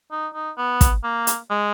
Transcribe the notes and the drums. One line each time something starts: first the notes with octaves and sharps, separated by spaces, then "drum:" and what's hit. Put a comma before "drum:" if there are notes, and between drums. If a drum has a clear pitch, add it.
D#4
D#4
B3
drum: kick, hi-hat
A#3
drum: hi-hat
G#3